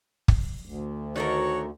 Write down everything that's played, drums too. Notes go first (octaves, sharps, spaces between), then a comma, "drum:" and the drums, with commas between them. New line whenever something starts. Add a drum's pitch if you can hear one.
drum: kick
D2
D#3 F#4 A4 A#4 C#5